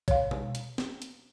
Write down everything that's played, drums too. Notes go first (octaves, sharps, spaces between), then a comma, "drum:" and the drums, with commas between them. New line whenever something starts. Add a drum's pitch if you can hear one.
C#5 F5, drum: kick A#1, hi-hat
drum: tom B2
drum: hi-hat
drum: snare
drum: hi-hat